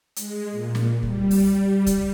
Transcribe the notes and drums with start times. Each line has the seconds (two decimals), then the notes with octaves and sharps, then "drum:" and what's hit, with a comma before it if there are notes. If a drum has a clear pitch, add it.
0.16 G#3, drum: hi-hat
0.51 A#2
0.75 drum: snare
1.03 G3, drum: kick C2
1.31 drum: open hi-hat
1.86 drum: kick C2, hi-hat